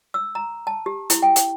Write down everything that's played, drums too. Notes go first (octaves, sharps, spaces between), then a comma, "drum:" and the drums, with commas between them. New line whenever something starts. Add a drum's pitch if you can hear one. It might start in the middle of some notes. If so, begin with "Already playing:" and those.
E6
A#5
A5
G4
E4, drum: hi-hat
G5
drum: hi-hat